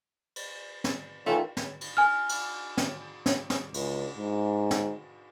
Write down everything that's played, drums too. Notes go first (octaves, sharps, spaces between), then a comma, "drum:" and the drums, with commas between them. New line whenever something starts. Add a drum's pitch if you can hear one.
drum: cymbal
drum: snare
D#3 E3 A3 C#4 F4
drum: snare
drum: cymbal
G#5 F6
drum: cymbal
drum: snare
drum: snare
drum: snare
C#2, drum: cymbal
G#2
drum: snare